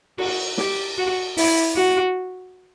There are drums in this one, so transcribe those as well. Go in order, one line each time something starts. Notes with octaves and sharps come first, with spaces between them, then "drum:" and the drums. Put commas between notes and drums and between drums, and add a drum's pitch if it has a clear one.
F#4, drum: cymbal
G4, drum: snare
F#4
E4, drum: open hi-hat
F#4